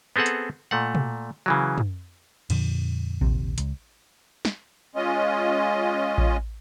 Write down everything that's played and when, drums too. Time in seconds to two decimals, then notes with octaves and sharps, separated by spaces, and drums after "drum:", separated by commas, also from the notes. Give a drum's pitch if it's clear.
0.16 B3 C4 G#4 A4 F#5
0.26 drum: hi-hat
0.71 A#2 A3 F#5
0.95 drum: tom
1.46 C#3 E3 F#3
1.78 drum: tom
2.50 F2 A#2 D3 F3, drum: cymbal
3.21 A#1 D#2 C3, drum: kick A1
3.58 C#2, drum: hi-hat
4.45 drum: snare
4.95 G#3 C#4 F4 D#5
6.18 drum: kick A1